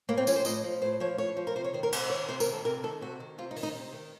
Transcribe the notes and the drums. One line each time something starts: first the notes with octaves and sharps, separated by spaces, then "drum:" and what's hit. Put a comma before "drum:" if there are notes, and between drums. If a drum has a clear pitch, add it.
A2 A#3
C4
F3 C#4, drum: tambourine
C5
A2 D#5, drum: tambourine
F3
A2 C5
F3 C#5
A2 C#5
F3
A#4
C3 C5
C#5
D#3 C5
A#4
C3 C5, drum: cymbal
D#3 C#5
C3 C5
A#4, drum: tambourine
D#3
A4
C3 A#4
D#3 A4
C3 F#4
D#3
C3 F4
D#4
D#3, drum: open hi-hat
D#4
C3
D#3